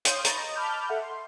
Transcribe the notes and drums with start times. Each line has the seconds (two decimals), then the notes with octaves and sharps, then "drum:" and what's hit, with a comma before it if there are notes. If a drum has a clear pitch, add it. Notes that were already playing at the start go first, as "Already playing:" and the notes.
0.05 C#5 F5 C6 D#6 G6, drum: hi-hat
0.24 A#5 B5 C#6 G6 A6 A#6, drum: hi-hat
0.38 D#5
0.55 A5 B5 D6 F6 G6
0.89 A4 E5 F#5
1.02 C6